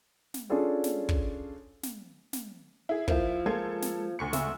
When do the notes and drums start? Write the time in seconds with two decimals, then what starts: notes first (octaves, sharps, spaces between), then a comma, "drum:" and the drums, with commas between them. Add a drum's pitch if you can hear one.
0.34 drum: snare
0.50 C#4 D4 F4 G#4 A4 C#5
0.84 drum: snare
1.09 drum: kick
1.83 drum: snare
2.33 drum: snare
2.89 E4 G#4
3.08 F3 A#3 E4, drum: kick
3.46 G#3 A#3 F4 A4 G#6
3.82 drum: snare
4.19 D2 C#6 C#7
4.33 C#3 E5, drum: snare